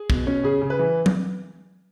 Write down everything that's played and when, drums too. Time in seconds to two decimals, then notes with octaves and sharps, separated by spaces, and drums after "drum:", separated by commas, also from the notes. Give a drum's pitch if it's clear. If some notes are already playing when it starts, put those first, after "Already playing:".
Already playing: G#4
0.10 B2, drum: kick
0.27 C#4
0.44 C#3 G#4
0.62 C#3
0.70 B4
0.79 E3
1.06 drum: tom